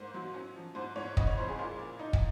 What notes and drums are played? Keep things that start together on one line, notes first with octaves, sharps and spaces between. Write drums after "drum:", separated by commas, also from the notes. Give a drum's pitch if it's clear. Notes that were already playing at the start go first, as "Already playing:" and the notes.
Already playing: G#2 A#3 C5
F#3
C#4
F3
G#2 C5
G#2 C#5
C#3 D#5, drum: kick
C#5
F2 C5
G#4
A#2 F4
A#2
D#4
drum: kick